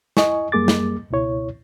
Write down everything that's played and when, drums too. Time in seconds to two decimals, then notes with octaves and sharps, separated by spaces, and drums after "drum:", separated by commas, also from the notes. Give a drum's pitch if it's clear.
0.17 E4 D#5 G#5 C#6, drum: snare
0.52 F#2 G3 A#3 G#4 D6 A6
0.68 drum: snare
1.11 C#2 B2 E4 C#5